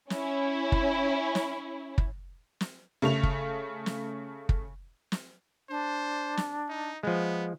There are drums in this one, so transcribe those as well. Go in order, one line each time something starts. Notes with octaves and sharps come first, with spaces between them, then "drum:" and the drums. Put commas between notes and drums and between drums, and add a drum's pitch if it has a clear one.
C#4 E4, drum: snare
drum: kick
drum: snare
drum: kick
drum: snare
C#3 A3 F7
drum: kick
drum: snare
drum: kick
drum: snare
D4 C5
drum: snare
D#4
F3 G#3 B3